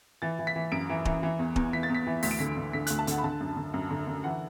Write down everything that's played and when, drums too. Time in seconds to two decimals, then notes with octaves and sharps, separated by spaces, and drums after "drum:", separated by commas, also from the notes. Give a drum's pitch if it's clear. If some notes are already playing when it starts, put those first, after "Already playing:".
0.22 E3 A6
0.39 E3
0.47 B6
0.56 E3
0.72 F#2 D7
0.89 E3
1.05 E3, drum: kick D#1
1.23 E3
1.39 E2
1.56 E2, drum: kick D#1
1.73 E3 B6
1.83 A6
1.89 E2
1.95 B6
2.07 E3
2.23 D2 B6, drum: open hi-hat
2.31 D7
2.39 D3 B6
2.57 D3
2.73 D3 B6
2.87 D2 F#6, drum: hi-hat
2.99 A5
3.07 D3 F#5, drum: hi-hat
3.18 B5
3.24 D3 A5
3.40 F#2
3.57 D3
3.74 F#2
3.91 D3
4.07 D3
4.24 E3 F#5